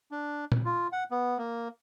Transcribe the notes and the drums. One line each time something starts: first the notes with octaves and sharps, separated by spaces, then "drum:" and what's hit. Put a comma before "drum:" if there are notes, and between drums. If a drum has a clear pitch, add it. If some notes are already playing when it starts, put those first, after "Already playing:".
D4
drum: tom
F4
F#5
B3
A#3